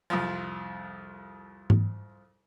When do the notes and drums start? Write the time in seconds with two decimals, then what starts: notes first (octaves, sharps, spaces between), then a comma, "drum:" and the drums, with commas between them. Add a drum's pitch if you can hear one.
0.10 C2 F2 F3
1.70 drum: tom G#2